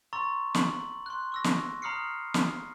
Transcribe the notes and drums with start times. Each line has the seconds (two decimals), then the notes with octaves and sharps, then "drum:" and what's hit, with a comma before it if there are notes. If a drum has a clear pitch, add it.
0.13 A#5 C6 C#6 E6 A6
0.55 F#7, drum: snare
1.06 C6 F#6
1.32 C#6 E6 A#6
1.44 drum: snare
1.82 A#5 B5 D#6 F6 C7 C#7
2.34 drum: snare